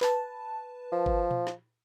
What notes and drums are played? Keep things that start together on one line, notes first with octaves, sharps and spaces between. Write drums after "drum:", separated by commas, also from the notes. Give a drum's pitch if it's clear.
B4 A5, drum: clap
F3
drum: kick G1
drum: tom A#2
drum: snare